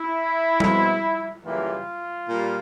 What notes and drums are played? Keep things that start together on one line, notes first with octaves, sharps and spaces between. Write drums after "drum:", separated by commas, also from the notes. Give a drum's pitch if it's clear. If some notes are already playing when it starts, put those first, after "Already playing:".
Already playing: E4
B2 G#3 C4, drum: tom G3
F#2 C#3 E3 G3 A#3 F4
A#2 G3